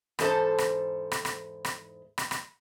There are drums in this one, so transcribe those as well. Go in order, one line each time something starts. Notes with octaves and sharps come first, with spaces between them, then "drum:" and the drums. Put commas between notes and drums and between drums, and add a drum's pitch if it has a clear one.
E2 G#2 A4 C5 A5, drum: rim click
drum: rim click
drum: rim click
drum: rim click
drum: rim click
drum: rim click
drum: rim click